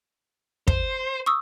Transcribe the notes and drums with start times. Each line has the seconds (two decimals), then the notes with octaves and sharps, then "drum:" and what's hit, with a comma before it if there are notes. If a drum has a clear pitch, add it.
0.68 C5, drum: kick
1.26 C#6 D#6 E6